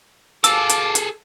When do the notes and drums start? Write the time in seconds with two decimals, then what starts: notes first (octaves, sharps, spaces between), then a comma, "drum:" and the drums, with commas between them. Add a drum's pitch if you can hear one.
0.44 G#4 A4 F5 A5 D6 E6, drum: hi-hat
0.69 drum: hi-hat
0.95 drum: hi-hat